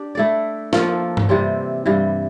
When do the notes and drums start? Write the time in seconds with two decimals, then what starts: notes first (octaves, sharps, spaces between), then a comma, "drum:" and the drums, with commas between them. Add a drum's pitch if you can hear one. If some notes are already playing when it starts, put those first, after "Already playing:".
Already playing: D4 G4
0.15 A3 E4 A4 D5
0.73 F3 A#3 F4 A4, drum: snare
1.17 drum: tom G2
1.29 C3 E3 G3 C4
1.86 G2 E3 G3